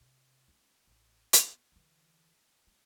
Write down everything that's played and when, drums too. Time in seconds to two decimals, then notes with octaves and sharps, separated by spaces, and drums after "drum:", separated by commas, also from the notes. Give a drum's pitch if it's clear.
0.01 C3
0.48 G#3 C#4
0.87 A1
1.33 B3, drum: hi-hat
1.72 D3 E3
2.67 G#3